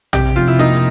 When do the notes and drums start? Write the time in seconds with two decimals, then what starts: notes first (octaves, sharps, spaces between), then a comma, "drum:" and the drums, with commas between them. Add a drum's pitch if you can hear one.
0.13 C3 G4, drum: tom A#1
0.36 F1 F4
0.47 E4
0.59 A#3 D#4, drum: hi-hat